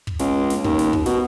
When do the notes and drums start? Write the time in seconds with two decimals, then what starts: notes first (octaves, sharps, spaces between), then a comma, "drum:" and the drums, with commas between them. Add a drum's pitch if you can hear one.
0.07 drum: kick
0.19 C#2, drum: snare
0.50 drum: snare
0.64 D#2, drum: kick
0.79 drum: snare
0.93 drum: kick
1.06 B2, drum: snare